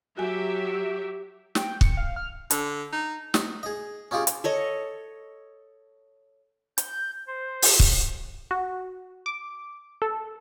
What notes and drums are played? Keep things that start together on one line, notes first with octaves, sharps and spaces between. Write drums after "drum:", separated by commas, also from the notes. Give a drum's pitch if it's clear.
F#3 F#4 G4 E5 G#5
G5, drum: snare
C#7, drum: kick
F5
F6
D3, drum: hi-hat
D#4
D#4, drum: snare
G#4 D#5
C#4 D#4 F4 G4 G#4
drum: hi-hat
A4 C#5 D#5
G6, drum: hi-hat
C5
drum: open hi-hat
drum: kick
F#4
D6
A4